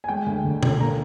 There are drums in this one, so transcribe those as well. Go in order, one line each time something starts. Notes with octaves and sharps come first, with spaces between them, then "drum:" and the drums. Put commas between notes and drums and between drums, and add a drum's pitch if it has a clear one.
G#5
G#3 G5
D2
D2
D3, drum: tom B2
A#3 A#5